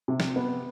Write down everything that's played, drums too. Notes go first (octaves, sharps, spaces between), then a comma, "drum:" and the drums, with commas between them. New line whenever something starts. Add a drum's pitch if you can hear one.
C3
drum: snare
B3